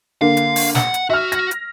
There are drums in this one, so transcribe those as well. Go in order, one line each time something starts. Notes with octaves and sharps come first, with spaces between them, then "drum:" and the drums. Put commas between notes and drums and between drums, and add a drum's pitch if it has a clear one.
D3 A#3 F5
drum: hi-hat
drum: open hi-hat
F#5, drum: snare
drum: hi-hat
F#4 E5 F6
A#6, drum: hi-hat
drum: hi-hat